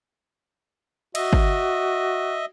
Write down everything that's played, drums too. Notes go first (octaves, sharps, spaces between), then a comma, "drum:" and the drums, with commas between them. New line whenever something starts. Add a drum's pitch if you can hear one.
F#4 D#5 E5, drum: cymbal
drum: kick